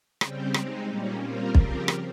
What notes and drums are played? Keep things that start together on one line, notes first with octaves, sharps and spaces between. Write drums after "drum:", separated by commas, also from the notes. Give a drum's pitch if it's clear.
C#3 G3 C4 G4, drum: rim click
G#3 C4 D#4, drum: rim click
A#2 G3 A#3 C#4
G3 C4 F4 A#4
C#3 F3 C4 G4 A#4, drum: kick
drum: rim click